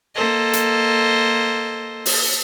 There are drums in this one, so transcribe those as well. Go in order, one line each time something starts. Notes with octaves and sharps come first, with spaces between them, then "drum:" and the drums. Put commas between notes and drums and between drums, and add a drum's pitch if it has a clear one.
A#3 A4 C5 D#5
drum: hi-hat
drum: open hi-hat